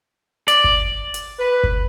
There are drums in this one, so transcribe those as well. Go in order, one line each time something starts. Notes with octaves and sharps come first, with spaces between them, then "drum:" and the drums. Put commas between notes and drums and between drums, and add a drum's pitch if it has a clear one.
D5, drum: hi-hat
drum: kick F#1
drum: hi-hat
B4
drum: kick F#1